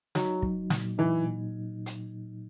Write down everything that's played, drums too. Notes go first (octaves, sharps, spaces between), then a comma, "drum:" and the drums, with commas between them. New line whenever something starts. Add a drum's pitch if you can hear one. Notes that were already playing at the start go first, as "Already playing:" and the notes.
F#3 D#4, drum: snare
F#3, drum: kick
A#2, drum: snare
E3 D#4
A#2
drum: hi-hat